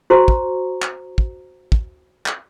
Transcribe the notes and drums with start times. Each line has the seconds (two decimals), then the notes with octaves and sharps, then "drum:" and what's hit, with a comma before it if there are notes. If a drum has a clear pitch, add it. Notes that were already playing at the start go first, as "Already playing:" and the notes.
0.10 F#4 C5 A#5 C#6
0.28 drum: kick
0.82 drum: clap
1.18 drum: kick
1.72 drum: kick
2.26 drum: clap